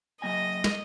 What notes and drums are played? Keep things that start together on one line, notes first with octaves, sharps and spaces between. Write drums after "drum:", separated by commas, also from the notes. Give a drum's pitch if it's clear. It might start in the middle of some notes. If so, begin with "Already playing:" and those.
F#3 A#3 D#5 G#5 A#6
drum: snare